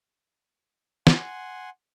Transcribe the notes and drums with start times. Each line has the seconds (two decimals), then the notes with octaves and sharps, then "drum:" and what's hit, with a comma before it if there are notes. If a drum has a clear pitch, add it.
1.07 F#5 G#5 C6, drum: snare